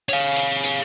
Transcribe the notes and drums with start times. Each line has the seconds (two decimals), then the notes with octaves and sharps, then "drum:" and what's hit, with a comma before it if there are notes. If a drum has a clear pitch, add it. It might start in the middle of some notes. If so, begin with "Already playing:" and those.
0.09 C#5 F5, drum: hi-hat
0.36 drum: hi-hat
0.63 drum: hi-hat